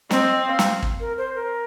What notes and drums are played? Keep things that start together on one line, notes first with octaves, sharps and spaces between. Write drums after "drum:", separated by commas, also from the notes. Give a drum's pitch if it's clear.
C4 D#5, drum: snare
F5
drum: snare
drum: kick
A#4
C5
A#4